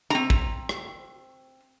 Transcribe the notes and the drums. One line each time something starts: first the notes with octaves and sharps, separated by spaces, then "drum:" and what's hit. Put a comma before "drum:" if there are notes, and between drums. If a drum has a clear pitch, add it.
C4 A#5
drum: kick
drum: rim click